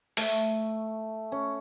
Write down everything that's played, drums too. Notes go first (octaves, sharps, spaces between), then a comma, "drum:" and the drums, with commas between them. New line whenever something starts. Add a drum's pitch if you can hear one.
A3, drum: open hi-hat
C#4